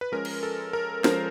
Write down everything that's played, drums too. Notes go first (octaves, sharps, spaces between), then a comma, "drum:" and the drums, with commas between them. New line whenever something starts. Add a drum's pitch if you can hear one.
B4
F3 G#3 C#4 A#4
drum: cymbal
A4
A#4
F3 G#3 C#4 A#4 C5, drum: snare